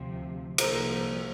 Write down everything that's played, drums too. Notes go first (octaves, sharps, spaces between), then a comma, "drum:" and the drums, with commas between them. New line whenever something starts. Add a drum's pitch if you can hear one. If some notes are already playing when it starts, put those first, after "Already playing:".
Already playing: D2 C3 F3
C2 A#2 F3 A#4, drum: cymbal